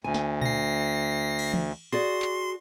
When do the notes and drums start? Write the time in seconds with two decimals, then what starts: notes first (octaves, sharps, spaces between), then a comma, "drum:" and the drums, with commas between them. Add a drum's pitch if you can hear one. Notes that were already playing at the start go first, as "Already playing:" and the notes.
0.04 D2 G#5
0.14 drum: snare
0.42 A#6 C7, drum: tom A#2
1.39 drum: cymbal
1.54 drum: tom E3
1.92 F#4 G#4 D5 C6
2.22 drum: clap